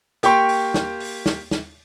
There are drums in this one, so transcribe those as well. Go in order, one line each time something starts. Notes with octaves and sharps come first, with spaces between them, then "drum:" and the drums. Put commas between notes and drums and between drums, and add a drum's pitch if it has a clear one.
A#3 G4 G5 C6 C#6, drum: hi-hat
drum: open hi-hat
drum: snare
drum: open hi-hat
drum: snare
drum: snare